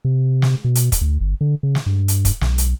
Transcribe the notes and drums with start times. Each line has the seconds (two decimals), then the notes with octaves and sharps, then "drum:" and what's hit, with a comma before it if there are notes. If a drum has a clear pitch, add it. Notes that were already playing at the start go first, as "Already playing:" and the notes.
0.05 C3
0.42 drum: snare
0.64 B2
0.75 drum: hi-hat
0.92 drum: kick, hi-hat
1.01 D2
1.20 G1
1.41 D3
1.63 C#3
1.75 drum: snare
1.86 G2
2.08 drum: hi-hat
2.25 drum: kick, hi-hat
2.41 B1, drum: snare
2.58 drum: hi-hat